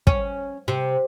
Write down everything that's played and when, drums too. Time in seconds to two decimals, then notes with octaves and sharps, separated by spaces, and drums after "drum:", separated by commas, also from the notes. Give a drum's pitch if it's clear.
0.07 C#4, drum: kick
0.68 C3